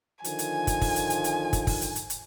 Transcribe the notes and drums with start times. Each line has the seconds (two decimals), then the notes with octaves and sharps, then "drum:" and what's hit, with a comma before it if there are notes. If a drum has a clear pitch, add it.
0.24 D3 D#3 F3 G#5, drum: hi-hat
0.39 drum: hi-hat
0.67 drum: kick, hi-hat
0.81 drum: kick, open hi-hat
0.96 drum: hi-hat
1.10 drum: hi-hat
1.24 drum: hi-hat
1.53 drum: kick, hi-hat
1.67 drum: kick, open hi-hat
1.81 drum: hi-hat
1.96 drum: hi-hat
2.10 drum: hi-hat